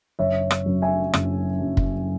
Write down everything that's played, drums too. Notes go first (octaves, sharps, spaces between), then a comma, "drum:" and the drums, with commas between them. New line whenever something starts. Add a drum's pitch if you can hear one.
F#1 C#5 E5
drum: rim click
F#2
E5 G#5
F#1, drum: rim click
F#2
drum: kick